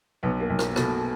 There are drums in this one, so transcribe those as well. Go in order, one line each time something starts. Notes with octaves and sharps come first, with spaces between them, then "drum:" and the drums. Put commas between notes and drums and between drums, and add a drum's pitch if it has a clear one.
B1 B3
A#3
B1
A#3, drum: rim click
B2 A3, drum: rim click